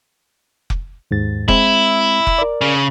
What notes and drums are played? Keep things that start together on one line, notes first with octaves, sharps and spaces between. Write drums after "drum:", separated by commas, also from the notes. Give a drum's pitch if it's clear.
drum: kick F1
D#2 G#2 A6
G#3 C4 E4, drum: kick F1
drum: kick F1
A#4 D5
C#3